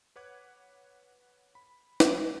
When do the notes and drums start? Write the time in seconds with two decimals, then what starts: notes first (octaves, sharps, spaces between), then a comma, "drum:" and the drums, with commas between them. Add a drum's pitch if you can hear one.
0.16 B4 C#5 F#5 D6 F#6 G#6
1.55 B5
2.00 drum: snare